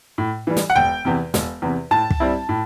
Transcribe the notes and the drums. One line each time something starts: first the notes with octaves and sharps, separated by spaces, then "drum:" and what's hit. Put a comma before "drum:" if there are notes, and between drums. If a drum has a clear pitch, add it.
A2
E3 G3
drum: snare
F#5
E1 G5
E2 C3
E1, drum: snare
E2 C3
A2 A5
drum: kick
G3 C4 E4
A2